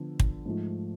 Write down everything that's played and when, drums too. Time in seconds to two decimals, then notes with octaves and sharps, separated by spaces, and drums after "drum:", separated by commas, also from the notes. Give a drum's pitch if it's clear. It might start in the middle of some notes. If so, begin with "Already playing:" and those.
Already playing: D3 F3 B3
0.20 drum: kick
0.45 G#2 F3 A3